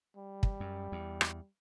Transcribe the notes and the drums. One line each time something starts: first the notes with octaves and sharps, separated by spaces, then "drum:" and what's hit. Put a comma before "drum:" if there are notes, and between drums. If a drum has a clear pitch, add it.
G3
drum: kick
F#2
E2
drum: rim click